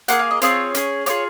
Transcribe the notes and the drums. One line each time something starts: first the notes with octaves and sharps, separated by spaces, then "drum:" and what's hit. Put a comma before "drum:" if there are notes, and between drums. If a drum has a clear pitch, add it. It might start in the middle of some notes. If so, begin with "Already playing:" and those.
A#3 F4 G#4 F#5, drum: hi-hat
F5
D#5
C4 F4 G#4 C#5, drum: hi-hat
C#4 G#4, drum: hi-hat
A#3 F4 G#4 C#5, drum: hi-hat